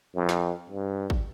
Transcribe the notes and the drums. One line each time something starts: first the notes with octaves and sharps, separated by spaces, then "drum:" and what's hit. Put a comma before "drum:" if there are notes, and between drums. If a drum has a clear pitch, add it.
F2
drum: snare
G2
drum: kick